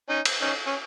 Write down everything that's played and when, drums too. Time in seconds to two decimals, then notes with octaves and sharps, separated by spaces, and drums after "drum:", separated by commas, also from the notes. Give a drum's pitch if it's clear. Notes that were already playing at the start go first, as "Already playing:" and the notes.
0.09 C#4 D#4
0.25 drum: cymbal
0.41 C#4 D#4
0.66 C#4